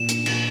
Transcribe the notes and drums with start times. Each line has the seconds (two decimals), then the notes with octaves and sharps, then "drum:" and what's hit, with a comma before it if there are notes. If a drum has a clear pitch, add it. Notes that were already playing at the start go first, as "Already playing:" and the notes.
Already playing: A#2 E7
0.09 D4, drum: hi-hat
0.26 A#2, drum: cymbal